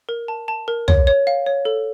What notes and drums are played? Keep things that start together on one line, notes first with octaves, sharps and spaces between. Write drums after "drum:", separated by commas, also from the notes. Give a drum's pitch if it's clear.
A#4
A5
A5
A#4
C#5, drum: tom
C#5
F5
C#5
A4